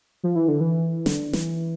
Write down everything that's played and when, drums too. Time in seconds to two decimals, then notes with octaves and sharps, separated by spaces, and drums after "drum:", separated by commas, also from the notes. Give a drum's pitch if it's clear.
0.23 F3
0.36 E3
0.48 D3
0.60 E3
1.06 D3, drum: snare
1.33 E3, drum: snare